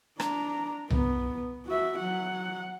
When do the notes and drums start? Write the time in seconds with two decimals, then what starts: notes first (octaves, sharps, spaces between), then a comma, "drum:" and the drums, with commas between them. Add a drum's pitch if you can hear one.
0.20 D4 A#5, drum: rim click
0.90 B3, drum: tom C2
1.67 F#4 E5
1.98 F#3 F#5